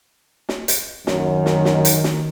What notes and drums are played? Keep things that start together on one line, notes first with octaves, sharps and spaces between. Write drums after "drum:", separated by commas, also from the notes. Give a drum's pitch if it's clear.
drum: snare
drum: hi-hat
F#2 D#3, drum: snare
drum: snare
drum: snare
drum: hi-hat
drum: snare